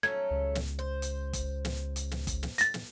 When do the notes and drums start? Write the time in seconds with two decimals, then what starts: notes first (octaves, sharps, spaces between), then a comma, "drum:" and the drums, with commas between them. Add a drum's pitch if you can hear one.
0.03 F#3 A3 C#4 G#6
0.31 C#2
0.55 drum: snare
0.79 C5
1.02 drum: hi-hat
1.33 drum: kick G1, hi-hat
1.65 drum: snare
1.96 drum: hi-hat
2.11 drum: snare
2.27 drum: kick G1, hi-hat
2.43 drum: snare
2.58 A6 A#6, drum: hi-hat
2.74 drum: snare